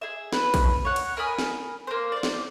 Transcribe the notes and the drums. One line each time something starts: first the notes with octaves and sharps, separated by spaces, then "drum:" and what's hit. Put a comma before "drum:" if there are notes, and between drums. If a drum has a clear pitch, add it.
G#4 E5
B4, drum: snare
drum: kick, cymbal
C#5 F#5
drum: cymbal
A#4 G#5 B5 D#6
drum: snare
A#3 C5
C5 D5
drum: snare